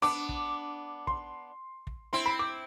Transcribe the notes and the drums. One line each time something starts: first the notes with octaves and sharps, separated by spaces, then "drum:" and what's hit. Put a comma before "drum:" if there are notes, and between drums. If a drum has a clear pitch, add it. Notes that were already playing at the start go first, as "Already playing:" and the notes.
B3 D4 D6
drum: kick
C6, drum: kick
drum: kick
C4 E4 C6
B5
D6